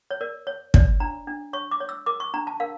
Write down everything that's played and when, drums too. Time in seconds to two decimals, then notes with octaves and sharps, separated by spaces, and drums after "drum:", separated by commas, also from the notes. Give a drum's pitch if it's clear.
0.11 C#5
0.21 A#4 D5
0.47 C#5
0.74 C#5 D5, drum: kick
1.00 D4 A#5
1.27 D4
1.53 C#5 C#6
1.71 D6
1.80 C#5
1.89 E6
2.06 A#4 D6
2.20 C#6
2.34 D4 A#5
2.47 A5
2.60 A#4 F5